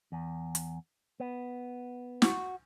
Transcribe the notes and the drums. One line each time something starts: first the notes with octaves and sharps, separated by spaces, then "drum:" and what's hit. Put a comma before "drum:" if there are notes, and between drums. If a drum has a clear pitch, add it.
E2
drum: hi-hat
B3
F#4, drum: snare